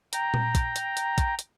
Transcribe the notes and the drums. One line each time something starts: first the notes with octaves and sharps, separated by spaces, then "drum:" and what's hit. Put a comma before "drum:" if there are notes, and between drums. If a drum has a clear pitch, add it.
G5 A#5, drum: hi-hat
drum: tom A#2
drum: kick, hi-hat
drum: hi-hat
drum: hi-hat
drum: kick, hi-hat
drum: hi-hat